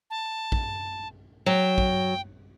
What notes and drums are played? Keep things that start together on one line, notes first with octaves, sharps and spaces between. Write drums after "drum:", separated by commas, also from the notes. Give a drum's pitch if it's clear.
A5
drum: kick
F#3 G5
drum: kick